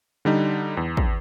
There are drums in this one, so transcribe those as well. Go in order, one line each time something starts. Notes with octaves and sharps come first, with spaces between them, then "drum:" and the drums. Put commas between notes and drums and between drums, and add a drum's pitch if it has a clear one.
D3 G3 D#4
E2
drum: kick